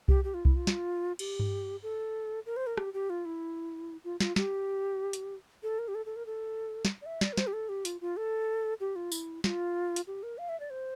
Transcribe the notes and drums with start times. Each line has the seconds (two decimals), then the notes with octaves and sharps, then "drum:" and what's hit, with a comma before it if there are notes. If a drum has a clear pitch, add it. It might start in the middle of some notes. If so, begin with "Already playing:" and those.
0.08 G4, drum: kick C2
0.24 G4
0.34 F4
0.45 E4, drum: kick C2
0.56 F4
0.67 drum: snare
1.19 G4, drum: cymbal
1.39 drum: tom G2
1.83 A4
2.46 A#4
2.57 C5
2.67 A#4
2.77 G4, drum: rim click
2.94 G4
3.10 F4
3.25 E4
4.04 F4
4.20 F4, drum: snare
4.36 G4, drum: snare
5.13 drum: hi-hat
5.63 A4
5.79 A#4
5.88 G4
5.95 A4
6.06 A4
6.16 A#4
6.26 A4
6.85 drum: snare
7.02 D5
7.06 E5
7.21 D5, drum: snare
7.33 A#4
7.37 C5, drum: snare
7.47 G4
7.53 A4
7.69 G4
7.85 F4, drum: hi-hat
8.01 F4
8.17 A4
8.80 G4
8.96 F4
9.12 E4, drum: tambourine
9.44 F4, drum: snare
9.96 drum: hi-hat
10.07 G4
10.23 A#4
10.38 F5
10.49 E5
10.60 D5
10.70 C5